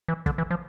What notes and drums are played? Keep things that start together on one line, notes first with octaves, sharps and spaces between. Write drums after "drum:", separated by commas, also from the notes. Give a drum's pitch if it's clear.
E3
D3, drum: kick
E3
F3